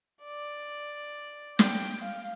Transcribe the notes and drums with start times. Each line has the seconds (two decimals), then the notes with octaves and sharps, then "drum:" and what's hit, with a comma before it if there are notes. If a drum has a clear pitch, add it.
0.24 D5
1.59 G5, drum: snare
2.04 F5